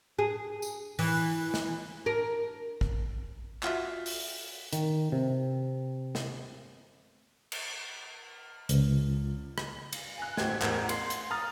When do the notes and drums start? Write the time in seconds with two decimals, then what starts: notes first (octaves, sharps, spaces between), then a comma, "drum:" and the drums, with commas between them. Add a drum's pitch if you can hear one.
0.19 G#4
0.62 drum: tambourine
0.99 E3, drum: open hi-hat
1.54 drum: snare
2.06 A#4
2.81 drum: kick
3.63 F4 F#4 E5, drum: clap
4.06 drum: open hi-hat
4.73 D#3, drum: hi-hat
5.12 C3
6.15 drum: snare
7.52 drum: cymbal
8.69 C#2, drum: hi-hat
9.58 drum: rim click
9.93 drum: cymbal
10.18 G#5 F#6
10.37 A1 D2 G4 C5 G5 G#6, drum: snare
10.62 A1 E2 A#4 C5 F#5 G6, drum: clap
10.89 F#5 C6 C7, drum: cymbal
11.10 drum: hi-hat
11.31 A#5 D#6 F6 A6